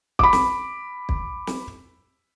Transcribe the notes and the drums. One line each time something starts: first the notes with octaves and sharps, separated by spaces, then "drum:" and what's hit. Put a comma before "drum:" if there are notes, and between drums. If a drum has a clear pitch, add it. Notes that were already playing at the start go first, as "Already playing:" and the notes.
B5 D6, drum: kick
drum: snare
drum: kick
drum: snare